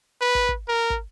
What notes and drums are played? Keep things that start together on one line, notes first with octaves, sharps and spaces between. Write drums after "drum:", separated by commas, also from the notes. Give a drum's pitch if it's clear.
B4
drum: kick
drum: kick
A#4
drum: kick